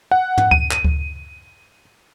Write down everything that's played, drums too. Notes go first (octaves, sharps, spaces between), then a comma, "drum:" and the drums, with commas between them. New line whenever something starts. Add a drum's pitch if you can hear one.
F#5
drum: tom
D#7, drum: kick D2
drum: clap
drum: kick D2